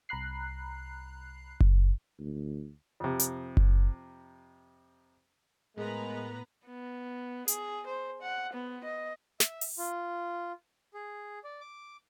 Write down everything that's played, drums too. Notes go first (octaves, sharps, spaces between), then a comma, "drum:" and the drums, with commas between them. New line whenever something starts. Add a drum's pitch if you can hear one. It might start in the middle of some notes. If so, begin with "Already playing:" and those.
C2 A#5 B5 F#6 C7
drum: kick F#1
D2
F2 C3
drum: hi-hat
drum: kick F#1
A2 G#3 B3 A#4 B4 A#5
B3
G#4, drum: hi-hat
C5
F#5
B3
D#5
E5, drum: snare
drum: open hi-hat
F4
G#4
D5
D6